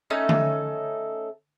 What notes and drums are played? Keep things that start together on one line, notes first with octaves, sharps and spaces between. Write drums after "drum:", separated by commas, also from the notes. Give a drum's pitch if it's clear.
A3 C#4 D#4 A4
drum: tom D3